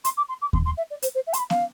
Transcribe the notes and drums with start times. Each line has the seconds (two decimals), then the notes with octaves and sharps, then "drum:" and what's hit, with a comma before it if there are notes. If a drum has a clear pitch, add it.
0.05 C6, drum: hi-hat
0.17 D6
0.29 C6
0.42 D6
0.53 C6, drum: kick D#2
0.66 C6
0.77 E5
0.91 D5
1.02 C5, drum: hi-hat
1.15 C5
1.27 E5
1.33 C6, drum: hi-hat
1.39 B5
1.50 F5, drum: snare B3